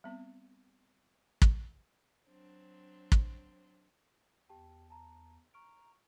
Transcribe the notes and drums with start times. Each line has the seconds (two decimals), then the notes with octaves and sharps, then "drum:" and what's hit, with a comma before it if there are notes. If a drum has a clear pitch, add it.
0.04 G3 B3 C4
1.42 drum: kick
2.27 F#3 C4 D4
3.12 drum: kick
4.49 E2 G4 G5 A5
4.90 A5 A#5
5.54 A#5 C#6 F6 D7